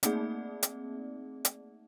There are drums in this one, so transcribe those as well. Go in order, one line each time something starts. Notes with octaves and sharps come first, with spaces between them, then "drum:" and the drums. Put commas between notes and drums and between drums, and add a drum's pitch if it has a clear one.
A3 A#3 C4 D#4 G#4 D5, drum: hi-hat
drum: hi-hat
drum: hi-hat